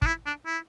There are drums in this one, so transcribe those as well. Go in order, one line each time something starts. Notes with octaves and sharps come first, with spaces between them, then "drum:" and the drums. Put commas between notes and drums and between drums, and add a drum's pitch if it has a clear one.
D4, drum: kick
E4
D4
E4